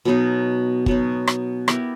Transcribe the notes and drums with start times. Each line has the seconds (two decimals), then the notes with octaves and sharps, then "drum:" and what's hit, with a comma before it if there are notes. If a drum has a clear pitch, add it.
0.05 B2 F#3 B3 D#4
0.86 B2 F#3 B3 D#4, drum: kick G1
1.27 drum: rim click
1.68 B3 E4 G4 A#4, drum: rim click